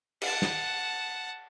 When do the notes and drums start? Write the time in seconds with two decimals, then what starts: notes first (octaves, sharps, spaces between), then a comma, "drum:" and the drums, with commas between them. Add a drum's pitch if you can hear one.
0.22 F#5 A5, drum: cymbal
0.42 drum: snare